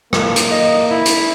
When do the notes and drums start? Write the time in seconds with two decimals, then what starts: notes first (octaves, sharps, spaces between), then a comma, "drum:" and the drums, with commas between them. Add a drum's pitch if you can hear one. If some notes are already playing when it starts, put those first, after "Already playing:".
0.13 A#3 F4, drum: rim click
0.36 drum: hi-hat
0.51 D#5
0.91 E4
1.06 drum: hi-hat